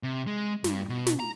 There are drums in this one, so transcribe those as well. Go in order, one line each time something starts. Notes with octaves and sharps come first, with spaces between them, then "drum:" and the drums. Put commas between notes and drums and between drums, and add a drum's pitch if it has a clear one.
C3
G#3
G2, drum: snare
B2
drum: snare
A#5